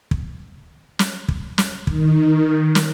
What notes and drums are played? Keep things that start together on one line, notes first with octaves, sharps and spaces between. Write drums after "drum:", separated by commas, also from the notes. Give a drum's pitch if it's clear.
drum: kick
drum: snare
drum: kick
drum: snare
D#3, drum: kick
drum: snare